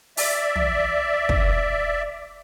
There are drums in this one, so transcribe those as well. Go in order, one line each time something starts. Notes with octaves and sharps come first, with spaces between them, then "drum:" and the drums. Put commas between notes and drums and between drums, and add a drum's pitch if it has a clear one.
D5 E5, drum: open hi-hat
drum: tom
drum: kick